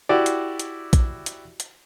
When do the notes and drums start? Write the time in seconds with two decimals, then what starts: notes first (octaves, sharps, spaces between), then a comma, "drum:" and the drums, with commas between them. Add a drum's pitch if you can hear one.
0.09 E4 F#4 G4 D5
0.26 drum: hi-hat
0.60 drum: hi-hat
0.93 drum: kick A#1, hi-hat
1.26 drum: hi-hat
1.60 drum: hi-hat